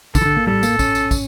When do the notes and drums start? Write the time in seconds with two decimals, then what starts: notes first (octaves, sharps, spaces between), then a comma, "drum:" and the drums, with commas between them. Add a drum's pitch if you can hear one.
0.15 D3 A4, drum: kick, tambourine
0.21 E3
0.25 D3
0.36 A#3
0.47 G3 A4, drum: tom A2
0.63 A#3, drum: tambourine
0.79 C#4, drum: kick, tambourine
0.95 drum: tambourine
1.11 drum: kick, tambourine